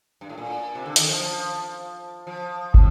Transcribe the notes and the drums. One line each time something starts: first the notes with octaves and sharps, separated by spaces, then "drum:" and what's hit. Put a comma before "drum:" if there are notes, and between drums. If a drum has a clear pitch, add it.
G2
A2
A#2
C3
D3
D#3, drum: hi-hat
F3
F3
F3
A2, drum: kick